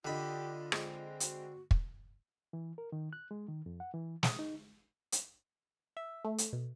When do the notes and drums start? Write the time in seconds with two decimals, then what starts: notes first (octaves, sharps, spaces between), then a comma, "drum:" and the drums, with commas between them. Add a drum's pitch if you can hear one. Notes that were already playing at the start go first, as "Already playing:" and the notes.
0.05 D3 D4 F4 G4 D#5 B5
0.72 G#3 C4, drum: rim click
1.20 F#4, drum: hi-hat
1.71 drum: kick
2.53 E3
2.78 A#4
2.92 D#3
3.13 F#6
3.31 G#3
3.48 D#3
3.66 F2
3.80 F#5
3.94 E3
4.23 D#6, drum: snare
4.39 D#4
5.12 drum: hi-hat
5.97 E5
6.25 A3
6.38 drum: hi-hat
6.53 B2